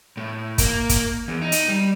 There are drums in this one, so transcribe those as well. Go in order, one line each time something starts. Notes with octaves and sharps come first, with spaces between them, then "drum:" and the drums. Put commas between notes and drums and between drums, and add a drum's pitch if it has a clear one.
A2
A#3, drum: kick G1, hi-hat
drum: kick G1, hi-hat
E2
D#4
drum: hi-hat
G3